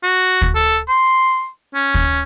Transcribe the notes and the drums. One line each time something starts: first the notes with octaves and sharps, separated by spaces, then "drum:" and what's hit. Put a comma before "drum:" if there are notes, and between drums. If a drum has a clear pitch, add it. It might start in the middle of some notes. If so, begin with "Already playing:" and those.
F#4
drum: kick
A4
C6
C#4
drum: kick